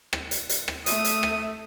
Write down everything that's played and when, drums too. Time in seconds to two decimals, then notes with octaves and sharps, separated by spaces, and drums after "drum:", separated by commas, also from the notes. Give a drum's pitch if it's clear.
0.13 drum: rim click
0.31 drum: hi-hat
0.49 drum: hi-hat
0.68 drum: rim click
0.86 A3 E5 D#6, drum: hi-hat
1.04 drum: hi-hat
1.23 drum: rim click